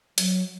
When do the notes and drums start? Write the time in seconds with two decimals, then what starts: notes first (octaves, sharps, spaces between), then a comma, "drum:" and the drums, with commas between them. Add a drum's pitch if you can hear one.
0.18 F#3, drum: hi-hat